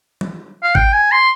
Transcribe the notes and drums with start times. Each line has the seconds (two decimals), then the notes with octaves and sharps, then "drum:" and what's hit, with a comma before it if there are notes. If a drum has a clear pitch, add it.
0.21 drum: tom
0.63 F5
0.75 G5, drum: kick G#1
0.93 G#5
1.12 C6